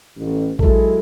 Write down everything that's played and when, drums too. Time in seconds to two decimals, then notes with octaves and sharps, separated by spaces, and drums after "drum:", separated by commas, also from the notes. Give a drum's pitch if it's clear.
0.17 A1
0.59 F#3 G#3 E4 A4, drum: kick A#1